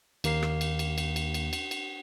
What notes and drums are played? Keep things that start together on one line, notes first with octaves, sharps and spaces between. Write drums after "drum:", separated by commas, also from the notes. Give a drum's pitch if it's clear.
D#2 A#3 A#4 C7, drum: cymbal
drum: rim click
drum: cymbal
drum: cymbal
drum: cymbal
drum: cymbal
drum: cymbal
drum: cymbal
drum: cymbal